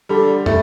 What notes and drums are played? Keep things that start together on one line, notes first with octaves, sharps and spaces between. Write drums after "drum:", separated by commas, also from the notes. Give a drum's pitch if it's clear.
D3 G3
A3, drum: tom